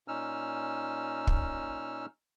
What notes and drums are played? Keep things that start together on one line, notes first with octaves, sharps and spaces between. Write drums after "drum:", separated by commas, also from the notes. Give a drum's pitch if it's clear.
A#2 C#4 D#4 E6 F6
drum: kick